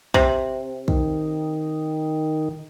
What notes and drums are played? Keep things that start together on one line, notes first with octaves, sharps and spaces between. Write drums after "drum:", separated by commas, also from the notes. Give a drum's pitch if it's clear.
C3, drum: kick
D#3, drum: kick